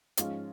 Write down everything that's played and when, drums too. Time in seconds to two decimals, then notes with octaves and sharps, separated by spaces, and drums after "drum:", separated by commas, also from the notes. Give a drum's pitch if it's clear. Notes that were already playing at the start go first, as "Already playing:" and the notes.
0.17 G#2 F3 G#3 C#4 F4, drum: hi-hat